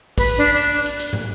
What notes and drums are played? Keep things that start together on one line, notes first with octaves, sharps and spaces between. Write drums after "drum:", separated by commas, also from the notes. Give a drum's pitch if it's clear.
B4 F#6, drum: kick, open hi-hat
D4
D4
drum: hi-hat
drum: hi-hat
drum: tom